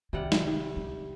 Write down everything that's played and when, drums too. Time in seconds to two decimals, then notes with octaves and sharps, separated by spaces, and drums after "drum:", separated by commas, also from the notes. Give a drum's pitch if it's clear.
0.13 C3 D#3 G3 F#5
0.32 drum: snare
0.77 D#4